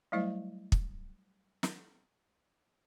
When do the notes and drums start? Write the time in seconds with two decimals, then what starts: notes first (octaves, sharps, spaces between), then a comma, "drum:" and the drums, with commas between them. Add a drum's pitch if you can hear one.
0.12 F#3 G3 A3 E4 C5 D#5
0.72 drum: kick
1.63 drum: snare